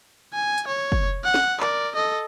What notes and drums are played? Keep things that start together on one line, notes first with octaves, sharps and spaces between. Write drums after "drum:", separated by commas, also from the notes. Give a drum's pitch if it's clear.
G#5
drum: hi-hat
C#5
drum: kick
F#5
drum: snare
A#4 D5, drum: clap
A4 D#5